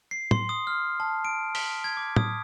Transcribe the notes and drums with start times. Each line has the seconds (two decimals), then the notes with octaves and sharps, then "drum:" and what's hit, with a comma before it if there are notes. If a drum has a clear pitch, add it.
0.11 C7
0.31 C6, drum: tom
0.49 D#6
0.67 F6
1.00 A5
1.25 D7
1.55 B6, drum: open hi-hat
1.84 G#6
1.97 D6
2.16 D#6, drum: tom